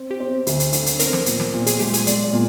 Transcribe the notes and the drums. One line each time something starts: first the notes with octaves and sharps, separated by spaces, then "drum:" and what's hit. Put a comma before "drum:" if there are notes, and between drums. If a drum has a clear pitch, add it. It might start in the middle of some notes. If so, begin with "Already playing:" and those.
Already playing: C4
G4
C4
D2, drum: hi-hat
drum: hi-hat
D3, drum: hi-hat
drum: hi-hat
C4 A#4, drum: hi-hat
drum: snare
A#2, drum: hi-hat
drum: snare
A#2
G#4, drum: hi-hat
G#3 G4, drum: open hi-hat
G#4, drum: hi-hat
G#3 D5, drum: hi-hat
D5
A#2